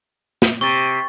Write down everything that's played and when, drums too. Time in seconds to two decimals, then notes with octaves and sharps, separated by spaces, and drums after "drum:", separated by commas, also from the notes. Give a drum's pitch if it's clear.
0.42 drum: snare
0.61 C3 C#6 A6